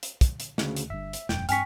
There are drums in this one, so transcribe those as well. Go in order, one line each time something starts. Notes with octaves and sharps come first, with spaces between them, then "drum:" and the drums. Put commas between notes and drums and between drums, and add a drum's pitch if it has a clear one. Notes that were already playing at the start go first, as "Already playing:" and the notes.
drum: hi-hat
drum: kick, hi-hat
drum: hi-hat
D2 C#3, drum: snare
drum: hi-hat
G1 G2 E5
drum: hi-hat
E1 F#2 G5, drum: snare
G2 C4 G5 G#5 C#6 F6 B6, drum: hi-hat